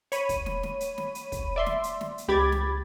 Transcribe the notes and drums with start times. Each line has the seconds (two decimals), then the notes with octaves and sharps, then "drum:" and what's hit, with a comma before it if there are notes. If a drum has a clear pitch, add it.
0.12 C#5 B5 D#7, drum: hi-hat
0.29 drum: kick, hi-hat
0.46 drum: snare
0.63 drum: snare
0.80 drum: hi-hat
0.98 drum: snare
1.15 drum: hi-hat
1.32 drum: kick, hi-hat
1.56 D5 E5 C6
1.66 drum: snare
1.84 drum: hi-hat
2.01 drum: snare
2.18 drum: hi-hat
2.28 C#2 G4 B5 D6 G#6 A6
2.52 drum: snare